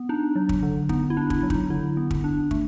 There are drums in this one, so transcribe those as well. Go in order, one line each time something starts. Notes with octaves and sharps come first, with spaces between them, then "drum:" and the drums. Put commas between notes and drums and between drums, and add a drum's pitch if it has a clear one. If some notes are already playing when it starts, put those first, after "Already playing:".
Already playing: B3
D4 D#4
F#3
drum: kick
D3
B3 D#4, drum: kick
E4
D4
E4, drum: kick
F#3
D#4, drum: kick
D3 E4
B3
drum: kick
D4
A3, drum: kick